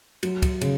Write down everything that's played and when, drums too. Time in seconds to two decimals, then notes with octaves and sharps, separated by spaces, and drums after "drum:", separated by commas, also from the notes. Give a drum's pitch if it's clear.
0.23 F#3, drum: cymbal
0.42 drum: kick, cymbal
0.61 C#3, drum: cymbal